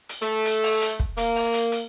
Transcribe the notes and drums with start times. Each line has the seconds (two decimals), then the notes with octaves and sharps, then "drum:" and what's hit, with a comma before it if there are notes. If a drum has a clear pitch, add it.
0.09 drum: hi-hat
0.22 A3
0.45 drum: hi-hat
0.63 drum: open hi-hat
0.81 drum: hi-hat
1.00 drum: kick
1.18 A#3, drum: hi-hat
1.36 drum: open hi-hat
1.54 drum: hi-hat
1.72 drum: hi-hat